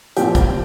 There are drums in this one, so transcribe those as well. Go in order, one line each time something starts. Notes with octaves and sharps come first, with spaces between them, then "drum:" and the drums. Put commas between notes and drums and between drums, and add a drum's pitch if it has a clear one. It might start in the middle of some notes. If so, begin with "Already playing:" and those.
A#2 F3 C4 G4, drum: hi-hat
drum: kick, hi-hat